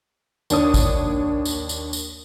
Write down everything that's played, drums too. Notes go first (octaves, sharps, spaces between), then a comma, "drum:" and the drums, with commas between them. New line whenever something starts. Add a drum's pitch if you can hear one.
D#2 D4 C#5 D#6, drum: tambourine
drum: kick G#1, tambourine
drum: tambourine
drum: tambourine
drum: tambourine